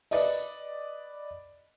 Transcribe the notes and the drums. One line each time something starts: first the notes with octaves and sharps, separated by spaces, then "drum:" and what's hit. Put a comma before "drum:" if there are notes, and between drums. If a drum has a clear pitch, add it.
B4 D5 D#5, drum: open hi-hat